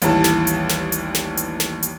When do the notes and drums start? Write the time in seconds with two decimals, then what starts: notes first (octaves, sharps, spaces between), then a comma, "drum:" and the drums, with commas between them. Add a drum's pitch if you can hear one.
0.02 A1 D#2 E3 G3 A5, drum: hi-hat
0.24 drum: snare
0.47 drum: hi-hat
0.69 drum: snare
0.92 drum: hi-hat
1.15 drum: snare
1.37 drum: hi-hat
1.60 drum: snare
1.83 drum: hi-hat